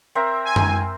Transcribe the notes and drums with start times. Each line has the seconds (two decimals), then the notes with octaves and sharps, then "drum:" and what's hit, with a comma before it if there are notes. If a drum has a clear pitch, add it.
0.15 C4 A#4 E5
0.45 G#5
0.56 drum: tom F#2